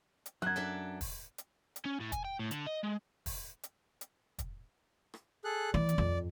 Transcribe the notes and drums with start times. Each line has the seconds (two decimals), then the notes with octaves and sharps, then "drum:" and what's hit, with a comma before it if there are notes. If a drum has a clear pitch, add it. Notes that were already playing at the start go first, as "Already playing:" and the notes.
0.26 drum: hi-hat
0.42 F#2 F#6 G#6
0.56 D4 A4 E5
1.01 drum: kick, open hi-hat
1.38 drum: hi-hat
1.76 drum: hi-hat
1.86 C#4
2.00 A2
2.12 G#5, drum: kick, hi-hat
2.25 G5
2.39 A2
2.51 D3, drum: hi-hat
2.66 D#5
2.83 G#3
3.26 drum: kick, open hi-hat
3.63 drum: hi-hat
4.01 drum: hi-hat
4.39 drum: kick, hi-hat
5.14 drum: rim click
5.45 G#4 A4 F#6
5.74 E3 D5
5.89 drum: hi-hat
5.98 F2